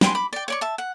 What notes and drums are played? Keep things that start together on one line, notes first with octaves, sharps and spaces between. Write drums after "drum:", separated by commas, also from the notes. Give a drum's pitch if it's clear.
B4 G5 G#5 C6, drum: snare
B5 D6
D5 G5
C#5 D5 C#6
E5 A5
F#5